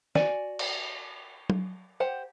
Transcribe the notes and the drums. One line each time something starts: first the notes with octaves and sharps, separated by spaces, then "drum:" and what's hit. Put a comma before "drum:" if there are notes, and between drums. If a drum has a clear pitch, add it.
F#4 D5 G#5, drum: snare
drum: cymbal
drum: tom F#3
G4 C5 F#5